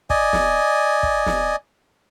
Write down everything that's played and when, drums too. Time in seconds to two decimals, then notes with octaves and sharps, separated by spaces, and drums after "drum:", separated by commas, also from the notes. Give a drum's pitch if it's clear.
0.10 D5 D#5 G#5, drum: kick
0.33 drum: snare
1.03 drum: kick
1.26 drum: snare